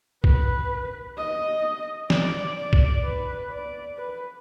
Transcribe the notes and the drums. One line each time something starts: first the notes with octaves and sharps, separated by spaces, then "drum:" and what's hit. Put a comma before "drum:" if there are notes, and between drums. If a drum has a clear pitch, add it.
B4, drum: kick
D#5
D5, drum: snare
D5
drum: kick
B4
D5
B4